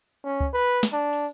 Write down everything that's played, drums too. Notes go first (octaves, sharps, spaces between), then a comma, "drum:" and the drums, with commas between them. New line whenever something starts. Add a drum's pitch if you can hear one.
C#4
drum: kick C#2
B4
drum: snare
D4
drum: open hi-hat